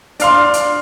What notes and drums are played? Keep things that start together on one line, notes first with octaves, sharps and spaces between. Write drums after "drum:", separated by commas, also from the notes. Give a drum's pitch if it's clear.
D4 F5 C6, drum: hi-hat
drum: hi-hat